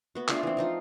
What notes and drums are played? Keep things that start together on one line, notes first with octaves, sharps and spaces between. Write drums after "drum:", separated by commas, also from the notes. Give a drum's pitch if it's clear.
B3 F#4
A3 D4 F4 G#4, drum: clap
E3 C4
F3 D#4 F4